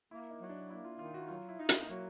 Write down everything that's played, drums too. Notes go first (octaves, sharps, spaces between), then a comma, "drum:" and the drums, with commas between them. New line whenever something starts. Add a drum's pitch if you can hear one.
A#3 E4
D#4
F#3
D4
A#3 E4
F4
D#3 F4
F#4
F#3 F4
E4
D#4
A#3, drum: hi-hat
F#3 A#3